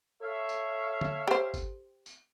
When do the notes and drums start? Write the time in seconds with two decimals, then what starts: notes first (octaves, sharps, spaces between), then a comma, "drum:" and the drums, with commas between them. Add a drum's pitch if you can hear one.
0.22 A4 C#5 E5 F5
0.49 drum: tambourine
1.01 drum: tom
1.28 G4 C5
1.54 drum: kick, tambourine
2.06 drum: tambourine